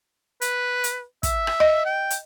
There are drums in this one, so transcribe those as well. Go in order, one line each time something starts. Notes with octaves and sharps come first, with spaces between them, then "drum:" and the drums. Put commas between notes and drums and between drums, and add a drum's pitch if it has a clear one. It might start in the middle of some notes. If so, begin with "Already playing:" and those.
B4, drum: hi-hat
drum: hi-hat
E5, drum: kick, hi-hat
drum: rim click
D#5
G5
drum: hi-hat